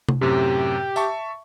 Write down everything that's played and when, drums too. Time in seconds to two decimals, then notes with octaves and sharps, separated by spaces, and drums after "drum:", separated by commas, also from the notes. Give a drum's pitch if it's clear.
0.09 drum: tom C3
0.21 F#2 A2 C3 G4
0.96 E5 A5 C#6, drum: tambourine